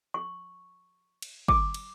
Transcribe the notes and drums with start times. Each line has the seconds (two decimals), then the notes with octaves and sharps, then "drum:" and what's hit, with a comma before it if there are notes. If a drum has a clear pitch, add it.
0.14 C#6
1.22 drum: cymbal
1.48 D6, drum: kick
1.74 drum: cymbal